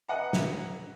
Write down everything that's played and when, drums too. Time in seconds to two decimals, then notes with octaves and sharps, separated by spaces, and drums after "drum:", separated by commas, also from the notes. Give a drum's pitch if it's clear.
0.08 B4 D#5 F#5 A#5
0.33 drum: snare